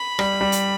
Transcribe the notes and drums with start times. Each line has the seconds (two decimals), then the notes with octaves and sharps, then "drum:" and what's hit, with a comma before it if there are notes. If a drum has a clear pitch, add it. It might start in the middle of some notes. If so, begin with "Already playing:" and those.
Already playing: B5
0.19 G3, drum: rim click
0.41 G3
0.52 drum: hi-hat